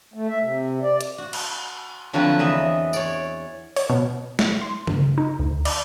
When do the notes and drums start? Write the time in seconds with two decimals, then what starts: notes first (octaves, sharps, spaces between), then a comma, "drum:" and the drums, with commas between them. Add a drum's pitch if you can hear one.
0.14 A3
0.28 E5
0.42 C3
0.83 D5
1.01 drum: hi-hat
1.18 F#4
1.33 drum: cymbal
2.13 D3 F3 F#3 C4 F#4 B4
2.39 E2 D#5 E5 B5
2.93 C#5 D5, drum: tambourine
3.76 C#5, drum: open hi-hat
3.90 B2
4.39 drum: snare
4.61 C6
4.87 G1, drum: tom C#3
5.18 D#4
5.39 D2
5.65 D5, drum: cymbal